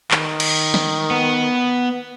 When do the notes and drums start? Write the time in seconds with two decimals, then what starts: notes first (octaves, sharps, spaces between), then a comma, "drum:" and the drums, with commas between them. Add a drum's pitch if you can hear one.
0.11 D#3, drum: clap
0.40 drum: cymbal
0.74 drum: snare
1.11 B3